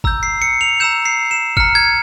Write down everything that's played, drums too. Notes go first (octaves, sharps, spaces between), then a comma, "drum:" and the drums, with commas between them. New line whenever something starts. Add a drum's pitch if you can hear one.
A#5 E6 G6, drum: kick G#1
C7
C#7
F7
A#5 E6 G6 E7
C7
E7
A#5 F6 C#7, drum: kick G#1
G#6